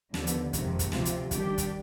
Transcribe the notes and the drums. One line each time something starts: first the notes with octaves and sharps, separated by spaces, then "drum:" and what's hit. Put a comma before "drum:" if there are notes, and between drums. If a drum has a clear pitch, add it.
D#2 D3 F3 B3, drum: snare
drum: hi-hat
F2 C3 D#3 G#3, drum: kick, hi-hat
drum: kick, hi-hat
D2 C3 F3 C4 F4, drum: snare
drum: hi-hat
D#3 G3 D4 G4, drum: kick, hi-hat
drum: kick, hi-hat